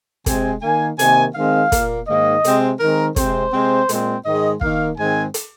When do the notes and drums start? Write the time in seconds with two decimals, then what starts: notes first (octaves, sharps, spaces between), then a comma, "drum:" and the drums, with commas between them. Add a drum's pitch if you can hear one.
0.26 C3 G#3 C4 G#5, drum: kick, hi-hat
0.62 D#3 A#3 G#5
0.99 C3 D#3 A#3 G#5, drum: hi-hat
1.35 D#3 G#3 C4 F5
1.72 A#2 A#3, drum: kick, hi-hat
2.07 G#2 D#3 A#3 D#5
2.44 C3 G#3 C4, drum: hi-hat
2.80 D#3 G#3 C4 A#4
3.16 C3 G#3 C4 C5, drum: kick, hi-hat
3.52 C3 G#3 C4
3.89 A#2 G#3 C4, drum: hi-hat
4.25 G#2 D#3 G#3 D#5
4.61 D#3 A#3 F5, drum: kick
4.98 G#2 D#3 G#3 C4 G#5
5.34 drum: hi-hat